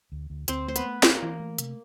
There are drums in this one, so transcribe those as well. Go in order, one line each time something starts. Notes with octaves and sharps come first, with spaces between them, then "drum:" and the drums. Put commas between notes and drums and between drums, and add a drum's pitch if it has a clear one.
D2
D2
D2 C4 C5, drum: hi-hat
A3 C5
B3 B4, drum: hi-hat
A3
A#3 C4 A#4, drum: snare
E3
A3
C3, drum: hi-hat